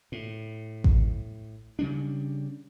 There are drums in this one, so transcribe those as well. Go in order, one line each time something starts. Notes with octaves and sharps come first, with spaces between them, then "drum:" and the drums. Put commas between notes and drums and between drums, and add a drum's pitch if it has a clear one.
A2
drum: kick A1
C#3 G3 C#4 D4